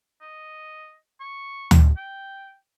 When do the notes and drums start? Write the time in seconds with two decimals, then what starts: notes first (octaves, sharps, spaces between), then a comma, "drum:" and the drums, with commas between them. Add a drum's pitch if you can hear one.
0.21 D#5
1.20 C#6
1.71 drum: tom D2
1.96 G5